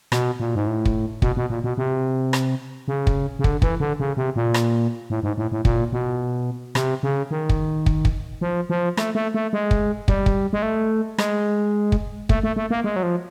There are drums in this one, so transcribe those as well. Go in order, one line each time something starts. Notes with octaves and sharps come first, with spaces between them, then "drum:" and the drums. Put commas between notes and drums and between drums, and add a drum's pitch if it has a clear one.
B2, drum: rim click
A#2
G#2
A2
drum: kick
B2, drum: kick
B2
A#2
B2
C3
drum: rim click
C#3
drum: kick
C#3
D3, drum: kick
E3, drum: kick
D3
C#3
C3
A#2
drum: rim click
A2
G#2
A2
A2
A#2, drum: kick
B2
C3, drum: rim click
C#3
D#3
drum: kick
drum: kick
drum: kick
F3
F3
A3, drum: rim click
A3
A3
G#3
drum: kick
G3, drum: kick
drum: kick
G#3
A3
G#3, drum: rim click
drum: kick
A3, drum: kick
A3
A3
A#3
G#3
F#3
F3